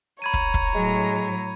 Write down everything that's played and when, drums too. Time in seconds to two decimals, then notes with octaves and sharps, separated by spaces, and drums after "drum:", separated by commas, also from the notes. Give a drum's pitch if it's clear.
0.22 C#5 A#5 B5 G#6 D#7
0.34 drum: kick
0.54 drum: kick
0.74 A2 F#3 G#3